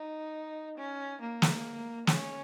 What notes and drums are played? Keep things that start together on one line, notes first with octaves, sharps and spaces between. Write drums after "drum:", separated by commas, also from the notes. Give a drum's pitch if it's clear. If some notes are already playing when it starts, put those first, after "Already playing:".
Already playing: D#4
C#4
A#3
drum: snare
C#4, drum: snare